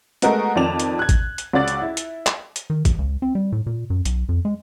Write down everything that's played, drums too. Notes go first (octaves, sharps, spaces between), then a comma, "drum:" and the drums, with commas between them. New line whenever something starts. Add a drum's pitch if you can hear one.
G#3 A3 B3 F#4 A#4 D#5, drum: hi-hat
F2 D#3 F3 D5 E7 F7
drum: hi-hat
F#6 G#6
drum: kick, hi-hat
drum: hi-hat
C#2 F#4 D5 A6
drum: hi-hat
E4
drum: hi-hat
drum: clap
drum: hi-hat
D#3
A1, drum: kick, hi-hat
C#2
C4
G3
A2
A#2
F#2
B1, drum: hi-hat
F2
G#3